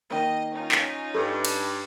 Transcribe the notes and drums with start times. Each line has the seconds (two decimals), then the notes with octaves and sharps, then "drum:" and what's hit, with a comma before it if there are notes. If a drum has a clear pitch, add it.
0.11 D#3 A#3 D#5
0.53 C#4 D#4 F4
0.72 drum: clap
1.14 G2 A4
1.45 drum: cymbal